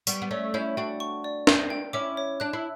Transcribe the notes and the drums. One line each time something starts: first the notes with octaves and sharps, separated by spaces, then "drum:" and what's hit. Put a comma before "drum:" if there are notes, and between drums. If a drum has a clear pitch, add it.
G3 B3 C#6, drum: tambourine
B3
A3 C#4 D5
C#4 E4 G6
D4 F#4 G5
C#6
D5
G6, drum: snare
G5
C#4 E4 D6
C#5
D4 F#6
E4